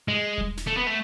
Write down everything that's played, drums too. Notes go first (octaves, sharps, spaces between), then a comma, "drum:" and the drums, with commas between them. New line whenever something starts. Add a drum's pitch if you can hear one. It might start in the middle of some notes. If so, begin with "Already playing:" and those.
G#3
drum: kick E1
drum: snare
A3
B3
A3